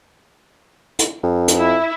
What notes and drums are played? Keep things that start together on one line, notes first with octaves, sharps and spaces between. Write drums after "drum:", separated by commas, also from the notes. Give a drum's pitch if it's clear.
drum: hi-hat
F2
drum: hi-hat
E4 E5